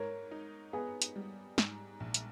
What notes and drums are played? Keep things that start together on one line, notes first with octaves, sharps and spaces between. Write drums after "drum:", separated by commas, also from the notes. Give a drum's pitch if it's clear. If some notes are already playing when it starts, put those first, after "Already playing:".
Already playing: G#2 A#4 C#5
D#4
B3 G#4 B4
drum: hi-hat
G3
G#2, drum: snare
A#1
drum: hi-hat